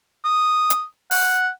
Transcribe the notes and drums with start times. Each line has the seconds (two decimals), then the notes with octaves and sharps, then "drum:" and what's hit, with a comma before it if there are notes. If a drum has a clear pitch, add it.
0.25 D#6
0.70 drum: hi-hat
1.11 F#5, drum: open hi-hat